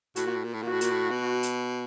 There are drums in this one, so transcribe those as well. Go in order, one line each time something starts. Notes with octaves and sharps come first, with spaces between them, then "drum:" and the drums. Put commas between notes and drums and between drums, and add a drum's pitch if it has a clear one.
A2 F#4, drum: hi-hat
A#2
A2
A#2
A2
A#2 F#4
A2
A#2, drum: hi-hat
A2
B2
drum: hi-hat